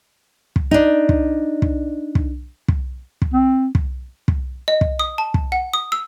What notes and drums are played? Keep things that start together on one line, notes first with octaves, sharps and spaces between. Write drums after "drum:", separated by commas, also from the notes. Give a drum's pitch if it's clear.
drum: kick
D4 D#4
drum: kick
drum: kick
drum: kick
drum: kick
drum: kick
C4
drum: kick
drum: kick
D#5
drum: kick
D#6
A5
drum: kick
F#5
D#6
E6